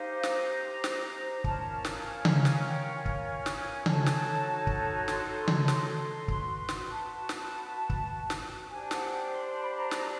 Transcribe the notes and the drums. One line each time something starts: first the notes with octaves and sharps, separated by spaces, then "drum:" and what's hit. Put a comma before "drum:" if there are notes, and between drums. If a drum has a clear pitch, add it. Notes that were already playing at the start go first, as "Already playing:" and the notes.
Already playing: D#4 G4 C5 F5
A#5, drum: snare
drum: snare
C#4 F4 A#4 A5, drum: kick
A#5
A5
drum: snare
G#5
drum: tom C#3
drum: snare
G5
G#5
drum: kick
G#5
drum: snare
G#5
D#4 F#4 A4 C#5 A5, drum: tom C#3
drum: snare
drum: kick
C6, drum: snare
drum: tom C#3
C6, drum: snare
F#4 B4, drum: kick
drum: snare
A5
drum: snare
drum: kick
drum: snare
D4 G4 C5 G#5
F#5, drum: snare
G5
C6
C6
B5
A#5
A#5, drum: snare